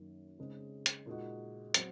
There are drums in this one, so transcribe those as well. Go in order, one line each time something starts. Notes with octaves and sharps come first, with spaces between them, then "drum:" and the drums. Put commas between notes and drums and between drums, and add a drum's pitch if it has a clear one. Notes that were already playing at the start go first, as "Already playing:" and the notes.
Already playing: F#2 D#3 A#3
C#3 G#3 C4 D#4
drum: hi-hat
A#2 G#3 D#4 F#4
F#3 C4, drum: hi-hat